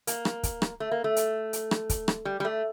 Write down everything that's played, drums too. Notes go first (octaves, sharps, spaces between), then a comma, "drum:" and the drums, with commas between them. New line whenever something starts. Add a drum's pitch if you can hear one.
A#3, drum: hi-hat
drum: rim click
drum: kick, hi-hat
drum: rim click
A3
A#3
A3
drum: hi-hat
drum: hi-hat
drum: rim click
drum: kick, hi-hat
drum: rim click
G3
G3
A3